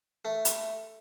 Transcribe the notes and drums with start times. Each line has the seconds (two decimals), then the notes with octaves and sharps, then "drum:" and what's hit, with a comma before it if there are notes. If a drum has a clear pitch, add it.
0.25 A3
0.45 drum: hi-hat